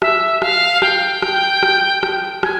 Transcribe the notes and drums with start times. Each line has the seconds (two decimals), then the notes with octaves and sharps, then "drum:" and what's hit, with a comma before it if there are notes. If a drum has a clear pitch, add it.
0.02 E5, drum: rim click
0.42 F5, drum: rim click
0.82 G5, drum: rim click
1.22 drum: rim click
1.63 drum: rim click
2.03 drum: rim click
2.43 G#5, drum: rim click